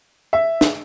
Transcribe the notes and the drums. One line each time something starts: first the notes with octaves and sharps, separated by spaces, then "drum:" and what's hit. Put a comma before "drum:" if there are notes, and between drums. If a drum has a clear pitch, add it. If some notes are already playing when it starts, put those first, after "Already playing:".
E5
drum: snare